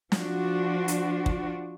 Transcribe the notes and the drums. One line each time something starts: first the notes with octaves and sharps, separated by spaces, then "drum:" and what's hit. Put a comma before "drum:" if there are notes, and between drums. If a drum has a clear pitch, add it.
F3 D4 F#4, drum: snare
drum: hi-hat
drum: kick